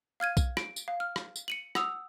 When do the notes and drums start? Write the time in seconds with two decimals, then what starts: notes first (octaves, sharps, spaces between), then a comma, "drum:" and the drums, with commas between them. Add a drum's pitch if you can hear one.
0.20 F5 F6 G#6 D#7
0.37 drum: kick B1, tambourine
0.57 D7, drum: rim click
0.76 drum: tambourine
0.88 F5
1.00 F6
1.16 drum: rim click
1.36 drum: tambourine
1.48 C#7 D#7 F#7
1.75 F#5 D#6 E6 F7, drum: rim click